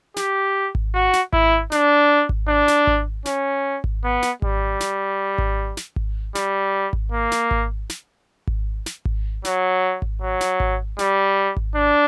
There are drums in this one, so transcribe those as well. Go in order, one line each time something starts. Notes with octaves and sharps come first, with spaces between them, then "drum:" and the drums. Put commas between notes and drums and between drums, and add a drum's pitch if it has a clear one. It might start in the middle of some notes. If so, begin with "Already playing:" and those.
G4, drum: snare
drum: kick G#1
F#4
drum: snare
E4, drum: kick G#1
D4, drum: snare
drum: kick G#1
D4
drum: snare
drum: kick G#1
C#4, drum: snare
drum: kick G#1
B3
drum: snare
G3, drum: kick G#1
drum: snare
drum: kick G#1
drum: snare
drum: kick G#1
G3, drum: snare
drum: kick G#1
A#3
drum: snare
drum: kick G#1
drum: snare
drum: kick G#1
drum: snare
drum: kick G#1
F#3, drum: snare
drum: kick G#1
F#3
drum: snare
drum: kick G#1
G3, drum: snare
drum: kick G#1
D4